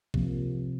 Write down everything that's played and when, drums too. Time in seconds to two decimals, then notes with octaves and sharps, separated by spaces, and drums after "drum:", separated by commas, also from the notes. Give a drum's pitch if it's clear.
0.14 C3 F3 A#3, drum: kick